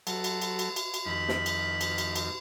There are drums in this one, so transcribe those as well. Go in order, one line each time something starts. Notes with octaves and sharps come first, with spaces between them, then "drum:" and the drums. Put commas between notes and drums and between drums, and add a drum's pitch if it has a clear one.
F#3 A4, drum: cymbal
drum: cymbal
drum: cymbal
drum: cymbal
drum: cymbal
drum: cymbal
F2 D#3 B5
drum: snare
drum: cymbal
drum: cymbal
drum: cymbal
drum: cymbal